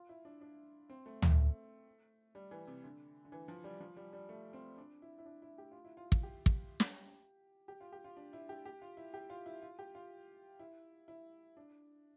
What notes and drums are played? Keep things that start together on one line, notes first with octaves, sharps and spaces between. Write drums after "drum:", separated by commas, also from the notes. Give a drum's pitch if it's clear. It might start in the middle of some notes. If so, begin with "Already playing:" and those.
Already playing: F4
E4
D4
D4
C4
A3
A3, drum: tom
G3
E3
C3
D3
D3
E3
F3
G3
F3
G3
G3
A3
C4
D4
E4
E4
D4
E4
G4
F4
E4
F4
drum: kick
G4
drum: kick
drum: snare
G4
F4
G4
F4
D4
E4
G4
G4
F4
E4
G4
F4
E4
F4
G4
F4
E4
E4
D4